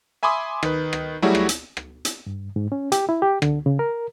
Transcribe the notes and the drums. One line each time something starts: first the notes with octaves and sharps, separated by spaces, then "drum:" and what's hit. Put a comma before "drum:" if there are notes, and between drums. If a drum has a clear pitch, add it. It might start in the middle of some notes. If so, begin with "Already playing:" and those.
E5 G#5 B5 C6 D6 D#6
D#3 B4, drum: rim click
drum: rim click
F#3 G3 A3 E4 F#4 G#4
drum: rim click
drum: hi-hat
drum: rim click
drum: hi-hat
G2
G#2
C#4
G4, drum: hi-hat
E4
G4
D3, drum: rim click
C#3
A#4